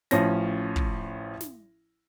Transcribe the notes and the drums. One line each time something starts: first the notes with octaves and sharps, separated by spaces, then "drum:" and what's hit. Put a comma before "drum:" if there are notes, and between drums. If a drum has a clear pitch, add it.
A1 F3 C#4 A#6, drum: snare
drum: kick
drum: snare